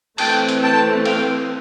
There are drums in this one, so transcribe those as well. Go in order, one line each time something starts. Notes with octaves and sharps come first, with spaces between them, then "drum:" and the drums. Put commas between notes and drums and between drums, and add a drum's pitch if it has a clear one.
E3 A3 C4 G5 A5, drum: cymbal
drum: hi-hat
G5 A5
F5 G5, drum: cymbal